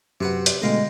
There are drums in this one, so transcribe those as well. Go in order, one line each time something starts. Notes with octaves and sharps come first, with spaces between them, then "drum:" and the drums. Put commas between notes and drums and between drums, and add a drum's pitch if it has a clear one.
F#2 C3 B4 F#5
drum: hi-hat
B2 D3 G#3 A3 D#5 F5 G5